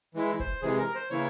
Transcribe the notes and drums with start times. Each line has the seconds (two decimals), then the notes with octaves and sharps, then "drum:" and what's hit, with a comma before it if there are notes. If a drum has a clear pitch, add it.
0.14 E3 G#3 E4
0.40 C5, drum: kick F1
0.62 C3 E3 G#3 G#4
0.78 A#4
0.95 C5
1.10 C#3 E3 A#3 E4 C#5